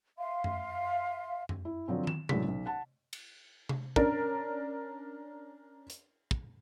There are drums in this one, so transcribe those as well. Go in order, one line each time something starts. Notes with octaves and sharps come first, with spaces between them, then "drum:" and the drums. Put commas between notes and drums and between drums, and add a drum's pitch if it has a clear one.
E5 F5 C6
drum: tom F#2
drum: tom F#2
E4
D3 F3 F#3 C4
E7, drum: tom
F#1 A2 F#3 G#3 D4 B6, drum: tom C3
B1
F#5 A5
drum: cymbal
drum: tom C3
C#4 D4 A#4, drum: kick
drum: hi-hat
drum: kick